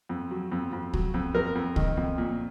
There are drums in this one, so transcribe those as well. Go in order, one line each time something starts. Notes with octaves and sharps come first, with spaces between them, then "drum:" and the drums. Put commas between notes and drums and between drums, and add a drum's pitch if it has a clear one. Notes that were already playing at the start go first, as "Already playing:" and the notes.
F2
F#3
F2
F2
F#3, drum: kick
F2
F2 A#4
F2
D#3, drum: kick
F2
A#2